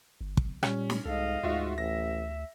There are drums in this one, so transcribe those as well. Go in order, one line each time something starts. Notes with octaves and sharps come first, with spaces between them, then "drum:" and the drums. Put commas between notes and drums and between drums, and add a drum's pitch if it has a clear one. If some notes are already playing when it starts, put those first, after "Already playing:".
G1
drum: kick
A#2 G3 C#4, drum: rim click
drum: snare
C2 G#2 A4 D#5 F5
D2 G#2 F4 F#4 E5
A1 E5 A#6